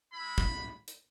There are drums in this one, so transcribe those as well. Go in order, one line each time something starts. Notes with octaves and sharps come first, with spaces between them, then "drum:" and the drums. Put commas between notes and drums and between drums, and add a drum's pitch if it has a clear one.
G#3 E4 B5
drum: kick
drum: hi-hat